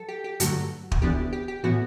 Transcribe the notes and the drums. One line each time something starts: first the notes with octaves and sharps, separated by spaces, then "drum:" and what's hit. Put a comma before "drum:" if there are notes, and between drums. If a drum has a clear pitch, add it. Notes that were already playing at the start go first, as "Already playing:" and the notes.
Already playing: F#3 A4
G4
G4
G2 D3 F#3 A3 F#4, drum: hi-hat
drum: kick
D2 C3 E3 B3 D4 G4
G4
G4
A2 E3 B3 F#4